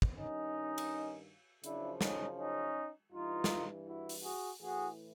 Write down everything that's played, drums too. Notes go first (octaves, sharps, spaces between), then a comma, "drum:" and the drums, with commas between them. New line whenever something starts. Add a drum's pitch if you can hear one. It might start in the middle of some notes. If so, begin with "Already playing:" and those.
drum: kick
G2 D#3 C#4 D#4
drum: cymbal
F#2 C#3 F3 D4 E4, drum: hi-hat
C#4 D#4, drum: snare
C#4 D#4
G2 E3 D#4 F4
drum: snare
E4 F#4
drum: open hi-hat
F#4 G#4
A2 E3 F#4 G#4